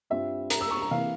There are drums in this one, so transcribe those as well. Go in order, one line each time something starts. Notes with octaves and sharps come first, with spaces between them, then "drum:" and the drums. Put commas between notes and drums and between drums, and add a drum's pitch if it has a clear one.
G2 G3 C4 F4 E5
A#5, drum: hi-hat
E6
C#6
A#5
C3 E3 A#3 F5